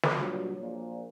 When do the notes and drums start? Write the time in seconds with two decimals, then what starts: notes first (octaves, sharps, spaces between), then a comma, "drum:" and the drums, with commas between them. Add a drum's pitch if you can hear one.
0.03 drum: snare
0.15 G2 A#2 F#3
0.61 A#1 A#2